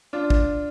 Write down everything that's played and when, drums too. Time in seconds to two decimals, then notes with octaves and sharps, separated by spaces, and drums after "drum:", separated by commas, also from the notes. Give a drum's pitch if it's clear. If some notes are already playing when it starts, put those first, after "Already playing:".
0.13 D4 F4
0.30 drum: kick